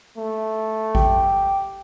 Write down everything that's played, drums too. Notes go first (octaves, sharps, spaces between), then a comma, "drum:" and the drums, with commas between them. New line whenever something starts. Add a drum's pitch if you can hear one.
A3
G4, drum: kick G#1